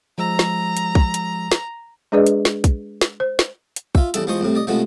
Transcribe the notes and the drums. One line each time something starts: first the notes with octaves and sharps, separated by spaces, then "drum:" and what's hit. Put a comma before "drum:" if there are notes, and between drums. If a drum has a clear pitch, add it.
F3 G#3 A#5 E6
drum: snare
drum: hi-hat
drum: kick
drum: hi-hat
drum: snare
G#3 D4 G#4 B4 D5 D#5
drum: hi-hat
drum: snare
drum: kick, hi-hat
drum: snare
C5
drum: snare
drum: hi-hat
F4 E5, drum: kick
E2 C#3 G3 E4 A4, drum: hi-hat
E2 F3 G#3 C5 C#6 D#6
C2 A2 C3
D5 D#5
C3 F3 G#3 A3 B3 F#4